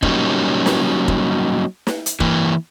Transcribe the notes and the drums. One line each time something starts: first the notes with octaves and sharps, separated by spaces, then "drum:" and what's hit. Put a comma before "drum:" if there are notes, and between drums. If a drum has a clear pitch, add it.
F#3 G3 A#3 C#4 D#4, drum: kick
drum: snare
drum: kick
drum: snare
drum: hi-hat
E3 A#3, drum: kick